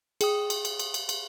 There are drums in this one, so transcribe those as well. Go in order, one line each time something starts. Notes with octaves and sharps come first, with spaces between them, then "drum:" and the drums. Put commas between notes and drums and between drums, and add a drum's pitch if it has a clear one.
G#4 G5 D#6, drum: cymbal
drum: cymbal
drum: cymbal
drum: cymbal
drum: cymbal
drum: cymbal